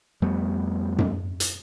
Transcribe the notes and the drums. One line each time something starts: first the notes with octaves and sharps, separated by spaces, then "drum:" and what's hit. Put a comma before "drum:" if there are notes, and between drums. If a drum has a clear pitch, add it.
F2 G3 A3 B3
drum: tom F#2
drum: hi-hat